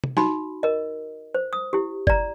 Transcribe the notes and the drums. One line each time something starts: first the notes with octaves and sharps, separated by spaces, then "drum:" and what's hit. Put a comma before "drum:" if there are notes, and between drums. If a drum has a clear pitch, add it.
drum: tom
D#4 F#4 B5, drum: snare
A#4 D#5
C5
D#6
E4 G4
D5 A#5, drum: kick G1